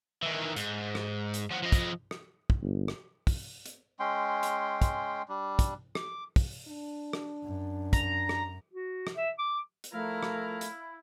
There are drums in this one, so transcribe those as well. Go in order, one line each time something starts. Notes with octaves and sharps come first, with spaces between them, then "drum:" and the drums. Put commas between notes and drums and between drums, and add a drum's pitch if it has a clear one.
D#3 E3
G#2, drum: hi-hat
drum: rim click
drum: hi-hat
F3 F#4
F3 D#5
drum: kick, hi-hat
drum: rim click
drum: kick
G1
drum: rim click
drum: kick, open hi-hat
drum: hi-hat
G#3 C#4 G5 C6
drum: hi-hat
drum: kick, hi-hat
G3 D4
drum: kick, hi-hat
D6, drum: rim click
drum: kick, open hi-hat
D4
drum: rim click
F#2
A#5, drum: kick, hi-hat
drum: rim click
F#4
drum: rim click
E5
D6
drum: hi-hat
F3 A3 E4 A#4 F5 A#5
drum: rim click
drum: hi-hat